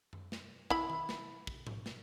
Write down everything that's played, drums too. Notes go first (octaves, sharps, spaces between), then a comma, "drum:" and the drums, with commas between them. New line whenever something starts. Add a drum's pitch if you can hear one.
drum: tom F#2
drum: snare
E4 B5, drum: kick
drum: tom D#3
drum: snare
drum: kick
drum: tom G#2
drum: snare